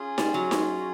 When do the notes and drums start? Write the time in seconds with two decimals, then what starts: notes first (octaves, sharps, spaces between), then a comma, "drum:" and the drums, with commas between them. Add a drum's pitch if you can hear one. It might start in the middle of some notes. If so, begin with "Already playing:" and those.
Already playing: C#4 F4 G#4
0.18 G3, drum: snare D#4
0.34 F#3
0.51 drum: snare D#4